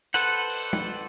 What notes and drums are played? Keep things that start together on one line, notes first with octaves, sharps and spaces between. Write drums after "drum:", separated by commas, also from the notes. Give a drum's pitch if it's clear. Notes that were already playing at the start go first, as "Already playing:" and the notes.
A4 B4 C5 F#5, drum: tambourine
drum: cymbal
drum: tom